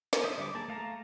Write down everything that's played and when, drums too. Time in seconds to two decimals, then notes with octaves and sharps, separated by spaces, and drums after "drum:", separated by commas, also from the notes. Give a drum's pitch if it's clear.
0.13 drum: snare
0.24 C5 E5 D#6
0.37 D3 G3 D6
0.54 A#3 G#4 A5
0.68 A3 F5 A5 A#5